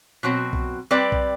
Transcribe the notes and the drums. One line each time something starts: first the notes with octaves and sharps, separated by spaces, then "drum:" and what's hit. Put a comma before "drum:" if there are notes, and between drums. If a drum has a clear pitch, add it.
B2 F#3 C4 F#4
drum: kick B1
G3 C4 G4 B4 D5
drum: kick B1